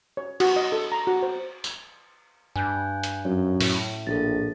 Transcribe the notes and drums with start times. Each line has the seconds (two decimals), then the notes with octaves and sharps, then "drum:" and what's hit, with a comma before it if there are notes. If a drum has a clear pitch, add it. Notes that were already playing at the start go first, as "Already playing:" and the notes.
0.17 C#5
0.40 F#4, drum: cymbal
0.56 D#5
0.72 A4
0.92 A#5
1.07 F#4
1.23 C5
1.64 drum: tambourine
2.56 G2 G#5 F#6 G6
3.03 drum: hi-hat
3.25 F#2 C#5
3.61 A2, drum: open hi-hat
4.07 A#1 A4 A6